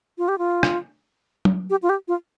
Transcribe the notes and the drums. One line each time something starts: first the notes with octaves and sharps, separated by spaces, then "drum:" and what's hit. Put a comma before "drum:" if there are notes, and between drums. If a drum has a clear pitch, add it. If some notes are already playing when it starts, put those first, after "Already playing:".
F4
G4
F4
drum: rim click
drum: tom
G4
F4
G4
F4